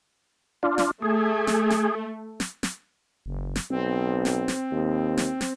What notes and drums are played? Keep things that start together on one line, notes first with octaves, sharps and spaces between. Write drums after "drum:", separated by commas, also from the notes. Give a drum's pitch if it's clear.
D4 F4
drum: snare
A3 G#4
drum: snare
drum: snare
drum: snare
drum: snare
F#1
drum: snare
B1 C4
drum: snare
drum: snare
D#2
drum: snare
drum: snare